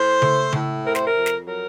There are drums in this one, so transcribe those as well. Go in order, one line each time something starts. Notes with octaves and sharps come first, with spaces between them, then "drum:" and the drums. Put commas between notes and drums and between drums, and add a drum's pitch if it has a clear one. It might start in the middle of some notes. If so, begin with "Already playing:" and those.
Already playing: A2 C5
A3, drum: tom C#3
A2, drum: tom C#3
C3 A#4
C5, drum: snare
A#4
F2
drum: snare
F#3 A#4